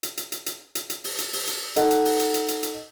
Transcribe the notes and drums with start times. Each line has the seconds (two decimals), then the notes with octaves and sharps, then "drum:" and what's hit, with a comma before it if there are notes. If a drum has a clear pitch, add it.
0.03 drum: hi-hat
0.17 drum: hi-hat
0.32 drum: hi-hat
0.46 drum: hi-hat
0.75 drum: hi-hat
0.90 drum: hi-hat
1.04 drum: open hi-hat
1.18 drum: hi-hat
1.33 drum: open hi-hat
1.47 drum: hi-hat
1.76 D#4 A4 F#5, drum: hi-hat
1.91 drum: hi-hat
2.05 drum: open hi-hat
2.20 drum: hi-hat
2.34 drum: hi-hat
2.48 drum: hi-hat
2.63 drum: hi-hat